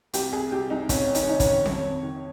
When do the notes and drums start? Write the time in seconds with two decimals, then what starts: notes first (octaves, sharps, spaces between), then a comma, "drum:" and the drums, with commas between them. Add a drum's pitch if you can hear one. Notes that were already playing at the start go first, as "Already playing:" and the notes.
0.13 C2 G4, drum: hi-hat
0.32 C2 G#4
0.52 C2 G4
0.70 C2 D#4
0.89 C2 C#4, drum: kick, hi-hat
1.09 D#3
1.15 D#4, drum: hi-hat
1.22 C#4
1.27 C2 D#4
1.40 C#5, drum: kick, hi-hat
1.46 D#3
1.66 F2 C#5, drum: snare C4
1.84 F2
2.03 D#3